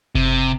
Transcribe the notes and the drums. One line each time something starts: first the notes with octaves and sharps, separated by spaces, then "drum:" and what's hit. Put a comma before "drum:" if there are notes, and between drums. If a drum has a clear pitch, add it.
C3, drum: kick F#1